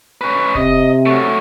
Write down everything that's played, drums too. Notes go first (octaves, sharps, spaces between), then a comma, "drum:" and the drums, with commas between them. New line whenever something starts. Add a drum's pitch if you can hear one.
C#4 B4
C3 D#5, drum: kick E1
F#3 A3